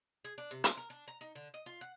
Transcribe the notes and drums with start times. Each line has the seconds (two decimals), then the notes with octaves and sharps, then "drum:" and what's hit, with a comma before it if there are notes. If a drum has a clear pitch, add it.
0.25 G#4
0.38 D4
0.51 C3
0.64 C5, drum: hi-hat
0.77 A#4
0.90 D4
1.08 A#5
1.21 D#4
1.35 D3
1.54 D#5
1.66 F4
1.81 F#5